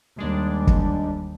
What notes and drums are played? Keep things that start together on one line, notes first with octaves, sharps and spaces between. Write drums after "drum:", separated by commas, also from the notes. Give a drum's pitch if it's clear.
D#2 G3 G#3 D4
drum: kick